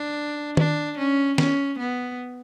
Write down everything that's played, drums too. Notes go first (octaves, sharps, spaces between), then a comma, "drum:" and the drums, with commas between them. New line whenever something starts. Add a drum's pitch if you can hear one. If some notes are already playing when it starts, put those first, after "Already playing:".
Already playing: D4
D4, drum: tom D#3
C#4
C#4, drum: snare
B3